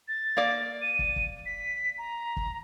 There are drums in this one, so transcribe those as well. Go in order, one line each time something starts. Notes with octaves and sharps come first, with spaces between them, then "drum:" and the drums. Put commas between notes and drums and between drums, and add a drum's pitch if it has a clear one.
A6
A#3 D5
D#7
drum: kick
drum: kick
B6
A#5
drum: kick